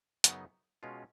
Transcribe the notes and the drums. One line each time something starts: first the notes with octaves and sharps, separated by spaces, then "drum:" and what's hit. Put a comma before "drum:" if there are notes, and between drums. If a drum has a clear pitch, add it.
F#2 C#3 F#3 B3 D#4, drum: hi-hat
B2 G#3 C#4 F4